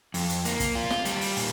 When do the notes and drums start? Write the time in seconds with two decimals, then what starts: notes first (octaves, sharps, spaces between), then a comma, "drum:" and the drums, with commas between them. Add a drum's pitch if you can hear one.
0.14 F2, drum: open hi-hat
0.29 drum: hi-hat
0.45 A#3, drum: hi-hat
0.60 drum: kick, hi-hat
0.75 F4
0.90 drum: snare
1.05 G3, drum: hi-hat
1.21 drum: open hi-hat
1.36 A#2, drum: open hi-hat